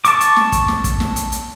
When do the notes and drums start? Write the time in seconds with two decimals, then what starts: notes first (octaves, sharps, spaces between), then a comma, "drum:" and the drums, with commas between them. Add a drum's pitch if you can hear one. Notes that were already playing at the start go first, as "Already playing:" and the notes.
0.05 A5 C#6 D6, drum: hi-hat
0.20 drum: hi-hat
0.36 drum: snare
0.52 drum: kick, hi-hat
0.68 drum: snare
0.84 drum: kick, hi-hat
1.00 drum: snare
1.16 drum: hi-hat
1.32 drum: hi-hat